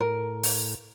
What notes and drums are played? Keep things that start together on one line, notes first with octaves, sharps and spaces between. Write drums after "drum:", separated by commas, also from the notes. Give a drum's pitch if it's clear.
A2 A#4
drum: open hi-hat